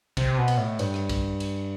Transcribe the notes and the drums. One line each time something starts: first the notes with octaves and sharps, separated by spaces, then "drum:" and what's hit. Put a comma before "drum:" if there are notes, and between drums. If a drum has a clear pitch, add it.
C3, drum: kick, cymbal
B2
drum: cymbal
A2
G2, drum: cymbal
drum: rim click
drum: kick, cymbal
drum: cymbal